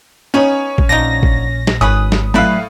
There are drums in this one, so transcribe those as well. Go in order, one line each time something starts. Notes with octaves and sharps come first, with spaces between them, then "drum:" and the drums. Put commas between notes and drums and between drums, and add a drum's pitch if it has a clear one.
B3 C#4 D#4 G#4 C#5
drum: kick
A#1 D3 F3 D#4 A#6
drum: kick
drum: snare
G#1 C#4 G#4 B4 D#6
drum: snare
A2 F#3 G3 A3 E4 B4 F5